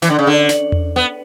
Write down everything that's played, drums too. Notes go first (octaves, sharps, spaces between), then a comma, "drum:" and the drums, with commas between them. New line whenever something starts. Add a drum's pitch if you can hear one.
E3, drum: snare
D3
C#3
D3
drum: snare
drum: tom E2
B3